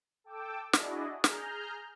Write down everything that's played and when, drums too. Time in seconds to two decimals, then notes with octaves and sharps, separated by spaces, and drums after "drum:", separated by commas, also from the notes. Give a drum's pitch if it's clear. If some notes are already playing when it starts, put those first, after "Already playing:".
0.24 A4 G5 D6 E6
0.73 D4 E4 F#4 G#4 D5 D#5, drum: snare
1.24 G#4 A#5 F6 G6, drum: snare